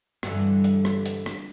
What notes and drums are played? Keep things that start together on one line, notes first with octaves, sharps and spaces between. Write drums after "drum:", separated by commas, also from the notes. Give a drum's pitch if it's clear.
G2 D3 E3, drum: rim click
drum: hi-hat
drum: rim click
drum: hi-hat
drum: rim click